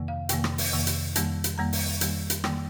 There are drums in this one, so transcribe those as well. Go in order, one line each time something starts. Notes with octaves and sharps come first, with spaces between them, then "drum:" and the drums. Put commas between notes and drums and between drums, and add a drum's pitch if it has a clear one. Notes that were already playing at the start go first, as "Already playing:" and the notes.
Already playing: F2 C3 D#3 A#3
F5
F2 C3 D#3 A#3 G5, drum: hi-hat
drum: rim click
drum: open hi-hat
F2 C3 D#3 A#3
drum: hi-hat
F2 D#3 G3 A#3 A5, drum: hi-hat
drum: hi-hat
F2 D#3 G3 A#3 A#5
drum: open hi-hat
F2 D#3 G3 A#3, drum: hi-hat
drum: hi-hat
F2 D#3 G3 A#3 G5, drum: rim click